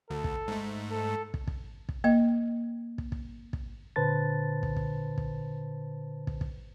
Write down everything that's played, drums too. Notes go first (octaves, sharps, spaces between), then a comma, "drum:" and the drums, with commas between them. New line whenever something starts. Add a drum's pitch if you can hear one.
D2 A4
drum: kick
G#2 A3
A4
drum: kick
drum: kick
drum: kick
A#3 D#5
drum: kick
drum: kick
drum: kick
A#2 D3 B4 C5 A5 A6
drum: kick
drum: kick
drum: kick
drum: kick
drum: kick